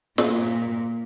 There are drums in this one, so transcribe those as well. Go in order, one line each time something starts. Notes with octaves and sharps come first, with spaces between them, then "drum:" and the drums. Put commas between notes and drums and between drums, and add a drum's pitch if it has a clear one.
A#2, drum: snare